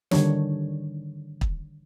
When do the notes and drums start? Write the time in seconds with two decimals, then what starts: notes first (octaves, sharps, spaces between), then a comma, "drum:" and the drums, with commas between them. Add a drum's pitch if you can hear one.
0.11 D3 D#3 G3 D4 C#5, drum: snare
1.41 drum: kick